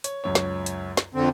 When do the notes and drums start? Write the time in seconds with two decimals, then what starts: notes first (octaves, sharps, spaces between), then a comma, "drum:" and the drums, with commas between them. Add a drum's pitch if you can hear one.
0.04 C#5, drum: hi-hat
0.24 C#2 F#2 C#5
0.35 drum: snare
0.66 drum: hi-hat
0.97 drum: snare
1.14 F2 D3 C4